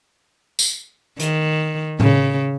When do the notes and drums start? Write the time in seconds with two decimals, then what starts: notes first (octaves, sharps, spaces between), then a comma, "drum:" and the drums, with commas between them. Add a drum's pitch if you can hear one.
0.59 drum: tambourine
1.19 D#3, drum: hi-hat
2.00 C#3, drum: tom A2